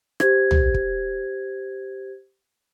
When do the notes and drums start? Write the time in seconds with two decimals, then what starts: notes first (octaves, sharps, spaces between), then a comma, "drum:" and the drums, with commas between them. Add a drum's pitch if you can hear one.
0.20 G4 C5 G#6, drum: rim click
0.51 drum: tom
0.74 drum: kick